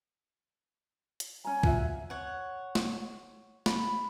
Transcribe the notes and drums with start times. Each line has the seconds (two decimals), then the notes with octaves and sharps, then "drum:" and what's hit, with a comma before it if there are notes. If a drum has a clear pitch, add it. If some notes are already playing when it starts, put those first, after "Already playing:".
1.20 drum: hi-hat
1.45 C#4 G#5 A#5
1.63 F4 F#4 E5, drum: kick
2.10 C#5 F#5
2.75 drum: snare
3.66 B5, drum: snare